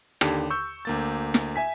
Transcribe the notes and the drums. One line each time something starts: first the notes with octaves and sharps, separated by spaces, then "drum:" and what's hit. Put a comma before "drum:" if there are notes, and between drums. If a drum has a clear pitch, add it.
D#2 D3 G4, drum: rim click
C#6 E6 G6
D2 A#3 A6
drum: snare
E5 G#5 B6